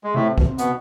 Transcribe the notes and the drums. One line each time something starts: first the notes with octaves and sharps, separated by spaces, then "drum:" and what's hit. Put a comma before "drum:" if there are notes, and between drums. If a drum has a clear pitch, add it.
G#3
A2 C3 A3
B2, drum: kick
C3
B2 B3, drum: hi-hat